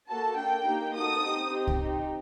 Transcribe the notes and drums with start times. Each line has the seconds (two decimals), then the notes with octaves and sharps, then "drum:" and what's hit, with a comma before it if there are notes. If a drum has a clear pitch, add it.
0.09 A#3 F#4 A4 A5
0.37 A#3 D4 A4 G5
0.65 A#3 D#4 G4
0.93 A#3 D#4 F#4 A4 D#6
1.21 C4 D#4 G4
1.49 C4 D#4 G4
1.67 drum: kick C2
1.77 C4 D#4 G4